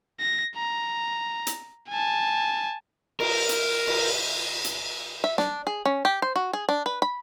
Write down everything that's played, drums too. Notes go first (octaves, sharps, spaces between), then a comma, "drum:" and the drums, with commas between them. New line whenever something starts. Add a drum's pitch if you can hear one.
A#6
A#5
drum: hi-hat
G#5 A5
A#4, drum: cymbal
drum: hi-hat
drum: cymbal
drum: hi-hat
E5
D4, drum: snare
G#4
C#4
G4
C5
F#4
G#4
D4
B4
B5